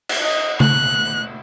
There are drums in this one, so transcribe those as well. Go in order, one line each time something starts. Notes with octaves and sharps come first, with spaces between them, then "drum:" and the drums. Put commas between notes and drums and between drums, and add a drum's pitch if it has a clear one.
drum: cymbal
D#5
F#6, drum: tom C#3